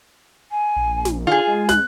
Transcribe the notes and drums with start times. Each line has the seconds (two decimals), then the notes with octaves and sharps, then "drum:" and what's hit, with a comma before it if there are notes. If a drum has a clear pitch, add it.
0.51 G#5
0.76 A#1
1.05 drum: snare
1.27 D3 F4 G#4 G#5
1.47 G#3
1.69 F#6, drum: snare